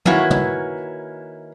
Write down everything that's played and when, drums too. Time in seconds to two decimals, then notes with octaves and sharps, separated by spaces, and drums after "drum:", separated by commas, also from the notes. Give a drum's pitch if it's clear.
0.05 D#3 A#3 C#4 E4 F#4 B4, drum: tom
0.30 drum: tom